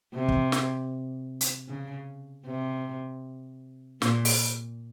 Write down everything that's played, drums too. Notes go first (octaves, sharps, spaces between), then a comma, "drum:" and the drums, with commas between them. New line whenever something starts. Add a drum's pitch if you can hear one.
C3
drum: kick
drum: snare
drum: hi-hat
C#3
C3
A#2, drum: snare
drum: open hi-hat